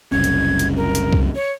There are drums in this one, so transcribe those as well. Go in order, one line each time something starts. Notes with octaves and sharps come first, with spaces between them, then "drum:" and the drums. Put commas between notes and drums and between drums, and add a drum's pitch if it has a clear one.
F#1 C2 C#4 G#6
drum: hi-hat
drum: hi-hat
A#4
drum: hi-hat
drum: kick C2
C#5